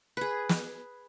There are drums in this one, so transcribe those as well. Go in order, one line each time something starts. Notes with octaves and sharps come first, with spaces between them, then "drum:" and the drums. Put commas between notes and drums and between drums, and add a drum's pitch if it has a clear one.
G#4 B4
drum: snare